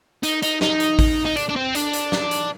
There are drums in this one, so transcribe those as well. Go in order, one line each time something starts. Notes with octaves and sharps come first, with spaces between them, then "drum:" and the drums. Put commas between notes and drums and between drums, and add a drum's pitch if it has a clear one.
D#4, drum: hi-hat
D#4, drum: hi-hat
D#4, drum: snare
drum: hi-hat
drum: kick A1, open hi-hat
D#4
D4, drum: hi-hat
D4
C4
D4, drum: hi-hat
drum: hi-hat
drum: snare
drum: hi-hat